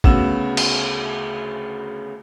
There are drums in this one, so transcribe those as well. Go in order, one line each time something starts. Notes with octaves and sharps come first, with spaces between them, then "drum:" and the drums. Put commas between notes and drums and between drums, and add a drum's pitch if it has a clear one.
D2 C#3 B3 F#4 E6 E7, drum: kick
drum: cymbal